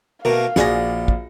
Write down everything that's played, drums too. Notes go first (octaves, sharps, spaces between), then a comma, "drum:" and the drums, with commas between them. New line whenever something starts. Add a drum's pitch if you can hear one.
B2 A3 A#3 A#4 F5
A#1 F#4 G#4 D5 F#5 A#6, drum: snare
drum: kick